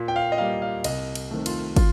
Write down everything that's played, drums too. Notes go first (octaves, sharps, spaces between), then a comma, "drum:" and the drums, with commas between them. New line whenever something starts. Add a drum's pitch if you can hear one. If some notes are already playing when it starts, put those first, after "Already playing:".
Already playing: A#2
G5
F5
D#5
G3 A#3 F5
F5
C2 D#5, drum: cymbal
drum: cymbal
C3 D#3 A3
F4, drum: cymbal
F4, drum: kick, cymbal